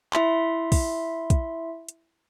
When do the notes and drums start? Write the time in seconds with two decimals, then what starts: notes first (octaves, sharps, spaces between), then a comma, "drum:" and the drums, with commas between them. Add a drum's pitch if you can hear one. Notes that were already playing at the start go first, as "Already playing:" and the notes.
0.13 E4 E5 C6, drum: clap
0.72 drum: kick, open hi-hat
1.30 drum: kick, hi-hat
1.89 drum: hi-hat